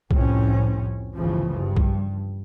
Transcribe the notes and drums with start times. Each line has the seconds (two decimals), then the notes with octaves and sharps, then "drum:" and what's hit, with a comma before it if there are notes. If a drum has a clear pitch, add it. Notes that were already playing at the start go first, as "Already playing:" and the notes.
0.11 C2 F2 A2 C4 C#4, drum: kick B1
1.16 G1 C#2 A2 C#3 E3 F3
1.54 G2
1.77 drum: kick B1